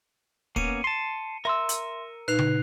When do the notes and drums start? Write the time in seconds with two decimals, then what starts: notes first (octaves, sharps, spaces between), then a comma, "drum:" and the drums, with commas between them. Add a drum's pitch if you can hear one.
0.56 A#3 B3 C#4 C#7 D#7, drum: kick
0.84 A5 C6
1.45 A#4 E5 C6 E6
1.69 drum: hi-hat
2.28 A#2 D#4 B4 F#6 C7 F7
2.39 drum: tom C#3